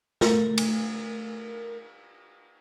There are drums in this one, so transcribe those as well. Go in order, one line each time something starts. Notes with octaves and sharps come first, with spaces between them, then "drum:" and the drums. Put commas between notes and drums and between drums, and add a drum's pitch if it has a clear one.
A3 A#4, drum: snare
drum: cymbal